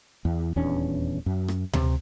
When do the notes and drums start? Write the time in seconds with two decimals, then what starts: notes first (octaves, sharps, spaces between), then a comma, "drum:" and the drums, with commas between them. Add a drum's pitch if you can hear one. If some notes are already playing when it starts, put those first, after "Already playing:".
0.25 E2
0.56 D#1 E2 C#4 D4
1.26 F#2
1.48 drum: rim click
1.73 C3, drum: tom D2